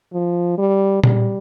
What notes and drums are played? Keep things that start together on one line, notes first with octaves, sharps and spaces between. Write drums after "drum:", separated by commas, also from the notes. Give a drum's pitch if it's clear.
F3
G3
G3, drum: tom A#2